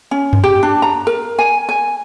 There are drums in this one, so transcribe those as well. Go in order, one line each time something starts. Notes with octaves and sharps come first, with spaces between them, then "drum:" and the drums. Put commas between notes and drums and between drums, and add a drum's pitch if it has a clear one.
C#4
drum: tom F#2
G4
D4
A#5
A#4
G#5
G#5